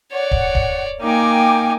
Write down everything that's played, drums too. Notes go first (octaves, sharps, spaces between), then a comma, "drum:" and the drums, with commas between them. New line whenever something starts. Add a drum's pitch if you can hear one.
C#5 D5 F#5
drum: kick
drum: kick
A#3 D#4 G5 G#5 D6